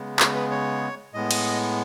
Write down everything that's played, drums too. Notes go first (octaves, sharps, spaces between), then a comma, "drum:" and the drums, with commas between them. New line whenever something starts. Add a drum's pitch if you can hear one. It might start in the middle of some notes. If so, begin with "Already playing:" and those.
Already playing: C#3 G#3 B3
C#5, drum: clap
B4
C#5
A2 G#3 B3 D#5
drum: cymbal